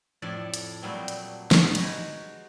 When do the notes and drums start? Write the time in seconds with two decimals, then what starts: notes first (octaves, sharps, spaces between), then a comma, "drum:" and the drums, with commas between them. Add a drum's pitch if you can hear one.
0.22 F2 A2 A4 D5
0.54 drum: hi-hat
0.82 A#2 F#3 G3 A3 B3 C4
1.08 drum: hi-hat
1.51 drum: snare
1.75 G#3 D#4 F#4 G#5 B5, drum: cymbal